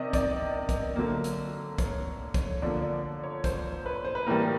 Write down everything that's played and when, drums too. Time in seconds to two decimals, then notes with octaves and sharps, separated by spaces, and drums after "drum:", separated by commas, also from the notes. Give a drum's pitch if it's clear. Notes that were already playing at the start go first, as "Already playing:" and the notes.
Already playing: C3 D#3 D5 D#5
0.13 D5, drum: kick, hi-hat
0.69 drum: kick, hi-hat
0.96 D3 F#3 A#3
1.24 drum: hi-hat
1.78 C#5, drum: kick, hi-hat
2.34 C#5, drum: kick, hi-hat
2.62 D3 F3 A#3 D5
2.82 D5
3.23 C#5
3.44 C5, drum: kick, hi-hat
3.86 B4
4.05 C5
4.15 B4
4.27 A2 E3 G3 A#3 A#4